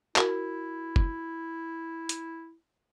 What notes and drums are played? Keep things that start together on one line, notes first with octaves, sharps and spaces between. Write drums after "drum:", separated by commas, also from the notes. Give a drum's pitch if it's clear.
E4 F#4 A#4, drum: clap
drum: kick
drum: hi-hat